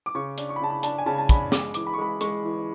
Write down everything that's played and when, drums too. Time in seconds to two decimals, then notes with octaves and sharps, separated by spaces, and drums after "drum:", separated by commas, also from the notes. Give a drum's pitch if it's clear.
0.06 D6
0.15 C#3 C#6
0.38 D4, drum: hi-hat
0.49 C#6
0.56 B5
0.60 C#3 A5
0.70 B5
0.83 D4 A5, drum: hi-hat
0.98 G#5
1.06 C#3 A5
1.18 A5
1.29 D4 B5, drum: kick, hi-hat
1.52 G#3 D6, drum: snare
1.74 E3 D6, drum: hi-hat
1.87 B5
1.94 C#6
1.98 G#3 B5
2.21 G#3 C#6, drum: hi-hat
2.44 E3